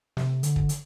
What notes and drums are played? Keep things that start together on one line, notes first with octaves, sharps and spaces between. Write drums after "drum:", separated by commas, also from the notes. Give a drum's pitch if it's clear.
C3, drum: snare
D3, drum: hi-hat
drum: kick
drum: hi-hat